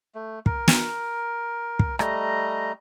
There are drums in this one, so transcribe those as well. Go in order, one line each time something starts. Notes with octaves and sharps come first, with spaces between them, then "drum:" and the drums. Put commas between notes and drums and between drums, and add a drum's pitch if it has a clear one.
A3
A#4, drum: kick
drum: snare
drum: kick
G3 A3 D#5 A#5, drum: rim click